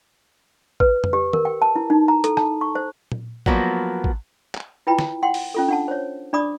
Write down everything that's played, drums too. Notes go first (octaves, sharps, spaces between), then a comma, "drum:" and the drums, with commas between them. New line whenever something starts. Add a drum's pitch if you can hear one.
B4, drum: kick A1
drum: tom F2
G4
A#4, drum: tom D#3
G5
A5
E4
D#4
A#5
A4, drum: hi-hat
A5, drum: rim click
C#6
C5
drum: tom A#2
F3 F#3 A#3 B3, drum: kick A1
drum: kick A1
drum: clap
E4 F4 B4 G5 A5 B5
drum: snare
F#5 G5 C6
drum: open hi-hat
C#4 F4 A4
D4 F#5 A5
C5 C#5
D4 D5 B5 D6 D#6